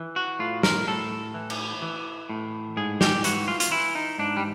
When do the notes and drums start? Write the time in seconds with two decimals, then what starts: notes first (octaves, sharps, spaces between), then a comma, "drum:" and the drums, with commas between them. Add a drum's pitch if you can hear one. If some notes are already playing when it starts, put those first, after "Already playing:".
Already playing: E3
0.16 F#4
0.39 A2 F4
0.63 A#4, drum: snare
0.87 A2 A4
1.34 E3
1.50 drum: cymbal
1.82 E3
2.29 A2
2.77 G#2 G#4
3.01 G4, drum: snare
3.24 E3 F#4, drum: hi-hat
3.48 F4
3.60 F4, drum: hi-hat
3.72 E3 E4
3.95 D#4
4.18 G#2 D4
4.37 G3